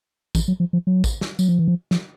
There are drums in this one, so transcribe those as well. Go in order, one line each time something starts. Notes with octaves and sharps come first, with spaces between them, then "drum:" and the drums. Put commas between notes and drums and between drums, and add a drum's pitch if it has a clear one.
E3, drum: kick, tambourine
F#3
F3
F3
F#3
drum: kick, tambourine
drum: snare
F#3, drum: tambourine
F3
E3
F3
F3, drum: snare